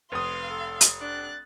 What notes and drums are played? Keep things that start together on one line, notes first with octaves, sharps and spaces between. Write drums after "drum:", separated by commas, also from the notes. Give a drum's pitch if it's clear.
F1 B4 F5 C6 D#6
A4
drum: hi-hat
D4 F#6 A6